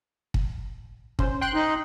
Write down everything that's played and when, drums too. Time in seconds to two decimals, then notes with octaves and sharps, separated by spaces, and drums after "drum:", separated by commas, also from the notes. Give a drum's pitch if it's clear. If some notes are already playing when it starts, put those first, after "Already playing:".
0.34 drum: kick
1.19 C#4 C5, drum: kick
1.41 G5 C6 F#6
1.54 D#4